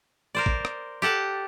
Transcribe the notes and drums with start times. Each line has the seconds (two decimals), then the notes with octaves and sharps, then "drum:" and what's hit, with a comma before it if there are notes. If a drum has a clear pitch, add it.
0.35 A#4 C5 D5
0.46 drum: kick A1
0.65 drum: rim click
1.02 G4 A4 F#5 A5